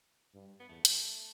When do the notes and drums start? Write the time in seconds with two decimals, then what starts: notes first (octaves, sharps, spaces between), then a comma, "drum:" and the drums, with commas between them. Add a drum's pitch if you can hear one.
0.35 G2
0.60 B3
0.69 E2 A3
0.85 drum: hi-hat